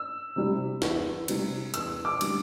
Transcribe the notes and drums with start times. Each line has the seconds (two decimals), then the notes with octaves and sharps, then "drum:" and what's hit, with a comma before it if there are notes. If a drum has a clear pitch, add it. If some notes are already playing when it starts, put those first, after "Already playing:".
Already playing: E6
0.36 C3 G3
0.82 E2, drum: snare
1.28 C3 G3, drum: cymbal
1.74 E2 E6, drum: hi-hat
2.05 D6
2.21 D3 G3, drum: cymbal